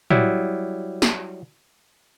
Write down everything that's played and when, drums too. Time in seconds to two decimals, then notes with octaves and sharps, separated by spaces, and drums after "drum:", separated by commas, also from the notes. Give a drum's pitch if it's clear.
0.10 F#3 G3 E4, drum: tom
1.02 drum: snare